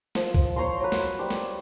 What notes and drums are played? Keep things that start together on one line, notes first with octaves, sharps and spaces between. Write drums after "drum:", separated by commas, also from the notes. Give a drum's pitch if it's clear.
F3, drum: snare
drum: kick B1
C5 C#5 A#5 C6
F#3 B4
drum: snare
G3 C5 D6
drum: snare